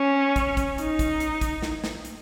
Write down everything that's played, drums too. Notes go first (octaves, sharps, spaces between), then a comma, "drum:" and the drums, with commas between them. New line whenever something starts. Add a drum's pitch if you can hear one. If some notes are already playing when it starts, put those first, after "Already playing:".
Already playing: C#4
drum: kick, hi-hat
drum: kick, hi-hat
D#4, drum: hi-hat
drum: kick, hi-hat
drum: hi-hat
drum: kick, hi-hat
drum: snare
drum: snare
drum: hi-hat